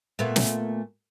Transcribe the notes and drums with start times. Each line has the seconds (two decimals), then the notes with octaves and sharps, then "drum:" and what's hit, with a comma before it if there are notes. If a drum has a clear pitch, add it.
0.19 A#2 A3 B3
0.36 drum: snare